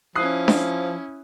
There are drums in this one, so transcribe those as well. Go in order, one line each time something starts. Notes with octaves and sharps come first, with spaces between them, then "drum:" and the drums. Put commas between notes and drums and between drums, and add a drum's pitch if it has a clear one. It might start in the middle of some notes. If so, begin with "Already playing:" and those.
F3 C#4 E4 D#6 F#6 C7
drum: snare D4